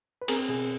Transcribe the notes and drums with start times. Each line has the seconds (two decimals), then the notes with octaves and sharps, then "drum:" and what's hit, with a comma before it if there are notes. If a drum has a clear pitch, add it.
0.22 B4
0.28 C4 G#4 A#4, drum: cymbal
0.49 B2 G#4